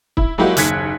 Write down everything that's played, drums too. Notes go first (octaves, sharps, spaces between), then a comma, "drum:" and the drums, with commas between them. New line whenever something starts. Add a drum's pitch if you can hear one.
E4, drum: kick
F#3 G#3 A#3 E4 F#4 G4
F#1 D#2 F#6 G#6 B6 C#7, drum: hi-hat